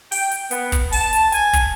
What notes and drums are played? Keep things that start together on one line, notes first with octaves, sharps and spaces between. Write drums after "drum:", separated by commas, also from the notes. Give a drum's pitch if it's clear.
G5, drum: open hi-hat
drum: hi-hat
B3, drum: hi-hat
drum: kick, hi-hat
A5, drum: open hi-hat
drum: hi-hat
G#5, drum: hi-hat
drum: kick, hi-hat